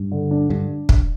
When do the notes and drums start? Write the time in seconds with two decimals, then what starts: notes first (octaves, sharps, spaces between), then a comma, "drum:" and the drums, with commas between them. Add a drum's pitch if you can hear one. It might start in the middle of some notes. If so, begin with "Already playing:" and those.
Already playing: G2
0.12 D3
0.31 D4
0.50 G2 D4
0.89 drum: kick